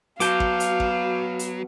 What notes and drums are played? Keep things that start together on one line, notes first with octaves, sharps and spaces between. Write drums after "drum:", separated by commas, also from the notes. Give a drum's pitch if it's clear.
F#3 B3 F#4 F5 A5 D6 G6, drum: hi-hat
drum: kick
drum: hi-hat
drum: kick
drum: hi-hat